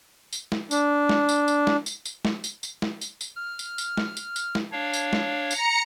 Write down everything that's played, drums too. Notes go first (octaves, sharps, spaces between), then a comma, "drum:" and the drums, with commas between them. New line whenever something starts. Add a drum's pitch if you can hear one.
drum: tambourine
drum: snare
D4, drum: tambourine
drum: snare
drum: tambourine
drum: tambourine
drum: snare
drum: tambourine
drum: tambourine
drum: snare
drum: tambourine
drum: tambourine
drum: snare
drum: tambourine
drum: tambourine
F6
drum: tambourine
drum: tambourine
drum: snare
drum: tambourine
drum: tambourine
drum: snare
D4 C#5 F5
drum: tambourine
drum: snare
A#5 C#7, drum: tambourine